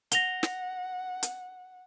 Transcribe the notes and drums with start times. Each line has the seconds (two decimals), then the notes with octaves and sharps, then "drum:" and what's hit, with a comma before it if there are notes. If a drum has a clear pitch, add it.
0.12 F#5 A#6 F7 G7, drum: hi-hat
0.43 drum: snare
1.23 drum: hi-hat